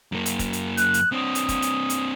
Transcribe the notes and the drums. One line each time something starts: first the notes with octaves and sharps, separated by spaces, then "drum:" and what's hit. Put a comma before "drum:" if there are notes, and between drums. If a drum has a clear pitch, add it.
F#2 A#3
drum: hi-hat
drum: kick, hi-hat
drum: hi-hat
F#6, drum: hi-hat
drum: hi-hat
C4 D4 D#6
drum: hi-hat
drum: kick, hi-hat
drum: hi-hat
drum: hi-hat